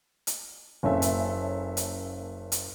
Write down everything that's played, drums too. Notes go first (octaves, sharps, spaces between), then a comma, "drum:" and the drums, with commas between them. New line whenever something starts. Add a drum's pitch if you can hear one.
drum: hi-hat
F#1 A#3 C#4 A4 E5
drum: hi-hat
drum: hi-hat
drum: hi-hat